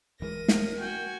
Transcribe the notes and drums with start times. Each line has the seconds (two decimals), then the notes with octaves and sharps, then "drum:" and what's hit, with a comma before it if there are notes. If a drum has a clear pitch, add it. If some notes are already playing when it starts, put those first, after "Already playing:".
0.20 D1 E3 G#3 A#4 A#6 D#7
0.48 drum: snare
0.79 F#4 G5 G#5